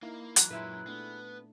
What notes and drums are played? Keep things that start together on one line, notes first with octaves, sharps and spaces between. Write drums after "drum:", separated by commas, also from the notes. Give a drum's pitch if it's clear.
A#3 D#4 E4 F5
E3 F#3 F#6, drum: hi-hat
F#2 A#2 G#3 E4 B4
A3 B3 D4